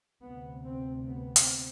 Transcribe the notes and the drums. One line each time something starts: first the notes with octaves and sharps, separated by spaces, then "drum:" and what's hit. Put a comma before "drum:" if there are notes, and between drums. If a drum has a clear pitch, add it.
D2 C3 B3
C4
B3
C4, drum: hi-hat